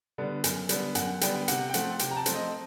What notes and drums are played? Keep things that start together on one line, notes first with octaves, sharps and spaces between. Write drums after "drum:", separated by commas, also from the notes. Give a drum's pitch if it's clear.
D3 G3 B3
F#2, drum: hi-hat
D3 G3 B3, drum: hi-hat
F#2 F#5, drum: hi-hat
D3 G3 B3 G5, drum: hi-hat
C3 F#5, drum: hi-hat
G5
F3 A3 C4 F#5, drum: hi-hat
C3 G5, drum: hi-hat
A#5
A5
F3 A3 C4, drum: hi-hat
D#5